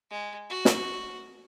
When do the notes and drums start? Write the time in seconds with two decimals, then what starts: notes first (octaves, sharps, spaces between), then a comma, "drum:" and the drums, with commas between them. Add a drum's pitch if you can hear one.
0.10 G#3
0.50 F#4
0.65 drum: snare